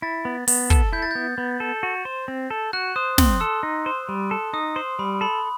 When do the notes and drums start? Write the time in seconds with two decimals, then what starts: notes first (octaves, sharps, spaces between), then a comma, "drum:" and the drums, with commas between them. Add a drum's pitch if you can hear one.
0.02 E4 A6
0.25 B3
0.48 B3, drum: open hi-hat
0.70 A4, drum: kick
0.93 E4 G6
1.02 A6
1.11 B3 G6
1.38 B3
1.60 A4
1.83 F#4
2.05 C5
2.28 C4
2.50 A4
2.73 F#4 F#6
2.96 C5 D#6
3.18 C4 C6, drum: snare
3.40 A4 E6
3.63 D#4
3.86 C5
4.09 G3
4.31 A4
4.53 D#4 D#6
4.76 C5 C6
4.99 G3 B5
5.21 A4 B5